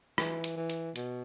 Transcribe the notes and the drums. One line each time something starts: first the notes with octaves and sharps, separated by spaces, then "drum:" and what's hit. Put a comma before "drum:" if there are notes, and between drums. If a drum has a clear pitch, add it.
E3, drum: rim click
drum: hi-hat
E3
drum: hi-hat
B2, drum: hi-hat